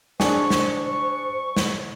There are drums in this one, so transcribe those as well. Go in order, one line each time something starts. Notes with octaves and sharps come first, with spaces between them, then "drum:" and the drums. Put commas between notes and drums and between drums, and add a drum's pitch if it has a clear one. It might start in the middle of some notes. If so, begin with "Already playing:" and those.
D4 G#4 C5 C#6, drum: snare
drum: snare
drum: snare